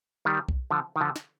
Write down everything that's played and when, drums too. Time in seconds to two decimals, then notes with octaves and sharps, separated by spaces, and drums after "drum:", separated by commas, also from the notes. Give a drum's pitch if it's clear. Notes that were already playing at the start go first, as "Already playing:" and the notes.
0.25 D#3 G3
0.49 drum: kick B1
0.71 D3 F3
0.96 D#3
1.00 D3 F3
1.16 drum: snare